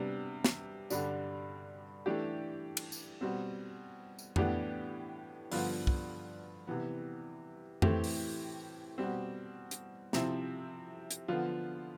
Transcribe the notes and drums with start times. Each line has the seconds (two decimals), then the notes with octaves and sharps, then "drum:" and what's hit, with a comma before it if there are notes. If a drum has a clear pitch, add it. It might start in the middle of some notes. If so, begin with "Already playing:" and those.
Already playing: C3 G3 B3 D4
0.45 drum: snare
0.90 G2 D3 G3 D4, drum: tambourine
2.06 E3 A3 D4 G4
2.77 drum: cymbal
2.92 drum: tambourine
3.21 B2 G3 C4
4.19 drum: tambourine
4.36 A2 E3 B3 D4 G4, drum: tom F2
5.52 G2 D3 F3 B3 F4, drum: open hi-hat
5.87 drum: kick
6.67 C3 E3 B3
7.82 A2 E3 A3 C4 G4, drum: tom F2
8.04 drum: open hi-hat
8.98 B2 G3 C4
9.71 drum: hi-hat
10.13 C3 F3 C4 E4, drum: snare
11.11 drum: hi-hat
11.28 D3 F3 B3 F4